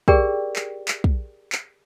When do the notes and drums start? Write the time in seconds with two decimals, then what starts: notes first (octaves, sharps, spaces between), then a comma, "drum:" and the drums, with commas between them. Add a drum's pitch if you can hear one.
0.08 G4 G#4 A#4 D5 G5, drum: kick
0.56 drum: clap
0.88 drum: clap
1.04 drum: kick
1.52 drum: clap